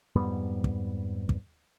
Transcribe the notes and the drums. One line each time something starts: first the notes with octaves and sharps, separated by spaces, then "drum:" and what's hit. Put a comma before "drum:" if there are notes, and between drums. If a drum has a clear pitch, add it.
F2 G#2 G3 B3
drum: kick
drum: kick